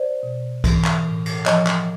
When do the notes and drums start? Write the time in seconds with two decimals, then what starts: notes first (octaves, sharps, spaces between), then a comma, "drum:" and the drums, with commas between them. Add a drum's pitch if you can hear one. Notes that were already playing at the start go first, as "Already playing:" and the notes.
Already playing: C5 D5
0.23 B2
0.64 E3, drum: kick C2, cymbal
0.85 drum: clap
1.05 A2
1.26 drum: cymbal
1.46 F3 C#5 D#5, drum: clap
1.67 drum: clap